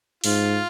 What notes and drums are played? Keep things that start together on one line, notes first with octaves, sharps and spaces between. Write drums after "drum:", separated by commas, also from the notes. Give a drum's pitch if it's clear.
G#2 F4, drum: open hi-hat